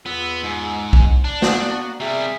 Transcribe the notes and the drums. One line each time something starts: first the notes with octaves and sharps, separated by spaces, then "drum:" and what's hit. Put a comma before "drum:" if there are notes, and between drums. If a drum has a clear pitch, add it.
E2 B3 F4 E6
G#2
drum: kick B1
D4
A#3 B3 F#4, drum: snare
C3 G3 G#4 E5